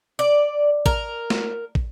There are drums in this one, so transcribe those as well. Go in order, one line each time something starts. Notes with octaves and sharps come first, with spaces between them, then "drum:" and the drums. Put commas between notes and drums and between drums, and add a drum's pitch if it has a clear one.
D5
A#4, drum: kick
drum: snare
drum: kick